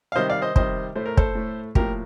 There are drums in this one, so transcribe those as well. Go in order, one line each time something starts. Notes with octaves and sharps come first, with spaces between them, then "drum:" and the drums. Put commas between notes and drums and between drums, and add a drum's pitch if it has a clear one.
F5
C3 D#3 G3 C5 D#5
D5 F5
C5 D#5
C3 D#3 G3 C5 D#5, drum: kick
A2 A3 C5
A#4
A4 C5, drum: kick
A2 A3
A2 F3 A#3 G4 A#4, drum: kick